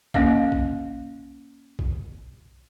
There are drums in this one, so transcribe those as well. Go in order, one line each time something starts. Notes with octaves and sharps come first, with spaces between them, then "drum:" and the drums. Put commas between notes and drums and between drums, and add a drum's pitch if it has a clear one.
A#3 C#4 D#5 F5, drum: kick
drum: kick
drum: kick